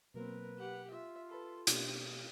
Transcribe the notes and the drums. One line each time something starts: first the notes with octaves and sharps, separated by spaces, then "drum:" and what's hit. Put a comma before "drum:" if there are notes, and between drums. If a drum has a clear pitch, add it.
B2 F#3 A#3 C4 A#4 B4
G4 F#5
F4 E5
A4 B4 B5 C6
B2 A#3 D4 G4, drum: hi-hat